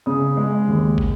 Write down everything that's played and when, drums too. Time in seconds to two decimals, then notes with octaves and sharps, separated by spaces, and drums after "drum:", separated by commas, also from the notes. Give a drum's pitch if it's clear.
0.06 C#3 D#6
0.37 G#3
0.68 D#2
0.98 drum: kick